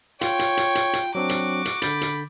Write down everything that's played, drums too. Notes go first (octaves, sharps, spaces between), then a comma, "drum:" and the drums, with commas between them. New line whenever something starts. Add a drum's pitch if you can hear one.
F4 C#5 G5, drum: hi-hat
drum: hi-hat
drum: hi-hat
drum: hi-hat
drum: hi-hat
F#3 C4 D4 F#4 D6
drum: hi-hat
drum: hi-hat
D3 B5 G6 A6, drum: hi-hat
drum: hi-hat